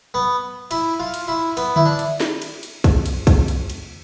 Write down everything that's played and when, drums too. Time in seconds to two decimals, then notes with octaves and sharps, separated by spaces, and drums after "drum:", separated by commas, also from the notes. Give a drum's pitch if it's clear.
0.14 B3
0.71 E4, drum: cymbal
1.00 F4
1.14 drum: cymbal
1.28 E4
1.57 B3, drum: cymbal
1.76 E4, drum: tom D3
1.85 D4
1.99 drum: cymbal
2.20 drum: snare
2.42 drum: cymbal
2.63 drum: cymbal
2.84 drum: kick, cymbal
3.06 drum: cymbal
3.27 drum: kick, cymbal
3.48 drum: cymbal
3.70 drum: cymbal